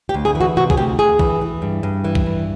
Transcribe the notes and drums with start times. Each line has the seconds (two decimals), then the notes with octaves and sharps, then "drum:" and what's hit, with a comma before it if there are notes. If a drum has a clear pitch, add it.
0.09 G4
0.14 D2
0.25 G#4
0.35 E3
0.41 F#4
0.57 C3 F#4
0.70 G#4, drum: kick
0.77 D2 G4
0.99 D2 G#4
1.19 E3, drum: kick
1.41 E3
1.62 G2
1.83 G2
2.04 E3
2.15 drum: kick
2.26 G2